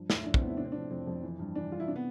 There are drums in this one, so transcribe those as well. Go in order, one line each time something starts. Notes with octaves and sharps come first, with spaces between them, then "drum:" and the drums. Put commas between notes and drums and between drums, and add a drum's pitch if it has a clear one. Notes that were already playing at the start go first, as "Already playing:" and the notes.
Already playing: G2 F3
A2, drum: snare
E4
F3 D4
C4, drum: kick
A2 B3
E4
C3 D4
C4
F3 D4
F2 C4
F2
E3
G2
E3 D4
G2 F4
E4
C3 D4
B3